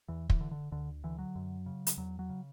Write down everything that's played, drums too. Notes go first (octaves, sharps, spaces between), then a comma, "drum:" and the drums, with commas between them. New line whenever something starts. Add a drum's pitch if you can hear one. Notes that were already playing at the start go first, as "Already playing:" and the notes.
E2 E3
E3, drum: kick
D3
D3
D2 D3
D3 E3
F#3
F#2
C#3
drum: hi-hat
E2 F#3
F#3
C#3